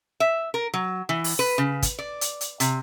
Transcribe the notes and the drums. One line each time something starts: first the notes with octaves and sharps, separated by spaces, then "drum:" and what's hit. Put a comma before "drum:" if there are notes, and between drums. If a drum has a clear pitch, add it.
E5
A#4
F#3
E3
drum: open hi-hat
B4
C#3
drum: kick, hi-hat
D5
drum: hi-hat
drum: hi-hat
C3, drum: hi-hat